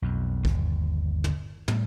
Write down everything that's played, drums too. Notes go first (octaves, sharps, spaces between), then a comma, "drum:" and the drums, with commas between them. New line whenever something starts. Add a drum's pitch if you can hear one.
B1 F2
G1 D#2, drum: kick
drum: tom
A2 G3, drum: tom